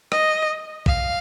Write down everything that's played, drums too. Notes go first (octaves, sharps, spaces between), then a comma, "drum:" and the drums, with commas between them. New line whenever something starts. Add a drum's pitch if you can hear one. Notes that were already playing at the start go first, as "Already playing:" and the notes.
D#5, drum: rim click
F5, drum: kick A#1